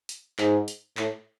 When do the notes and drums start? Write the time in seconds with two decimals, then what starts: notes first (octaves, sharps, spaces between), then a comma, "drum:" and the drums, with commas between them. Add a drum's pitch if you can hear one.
0.09 drum: hi-hat
0.39 G#2, drum: clap
0.68 drum: hi-hat
0.97 A2, drum: clap